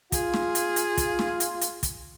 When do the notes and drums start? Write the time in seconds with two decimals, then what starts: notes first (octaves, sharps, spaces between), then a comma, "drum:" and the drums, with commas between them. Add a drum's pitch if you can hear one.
0.12 F4 G#4, drum: kick, hi-hat
0.34 drum: snare
0.55 drum: hi-hat
0.76 drum: hi-hat
0.97 drum: kick, hi-hat
1.19 drum: snare
1.40 drum: hi-hat
1.61 drum: hi-hat
1.83 drum: kick, hi-hat